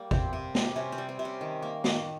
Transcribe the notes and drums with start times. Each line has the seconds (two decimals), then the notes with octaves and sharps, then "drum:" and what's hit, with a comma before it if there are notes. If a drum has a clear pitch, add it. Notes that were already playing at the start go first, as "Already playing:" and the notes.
Already playing: G3 A#3
0.11 C3 C4, drum: kick G#1
0.33 C3
0.55 G3, drum: snare
0.76 C3 C#4
0.92 C4
0.98 G3
1.09 C4
1.19 C3
1.25 C#4
1.41 D#3
1.62 A#3
1.84 D#3, drum: snare